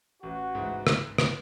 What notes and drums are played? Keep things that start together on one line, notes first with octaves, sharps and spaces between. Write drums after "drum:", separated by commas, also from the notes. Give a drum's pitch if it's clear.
A1 F#4
G#2 E3
drum: rim click
drum: rim click